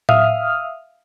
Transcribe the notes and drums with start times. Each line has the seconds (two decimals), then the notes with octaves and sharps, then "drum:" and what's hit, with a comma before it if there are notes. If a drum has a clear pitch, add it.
0.09 E5 F5 D#6 F6, drum: tom A2